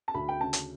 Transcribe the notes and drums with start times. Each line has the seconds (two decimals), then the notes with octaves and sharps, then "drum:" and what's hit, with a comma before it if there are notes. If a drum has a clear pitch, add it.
0.08 A5
0.14 D2 B5
0.29 G5
0.40 C#3 A5
0.53 drum: hi-hat